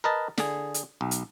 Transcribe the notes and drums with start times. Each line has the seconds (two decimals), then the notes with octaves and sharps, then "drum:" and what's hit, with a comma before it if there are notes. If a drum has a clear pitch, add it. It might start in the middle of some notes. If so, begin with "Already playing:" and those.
0.04 A#4 B4 D#5 A5
0.38 D3 G#4, drum: snare
0.74 drum: hi-hat
1.01 B1
1.11 drum: hi-hat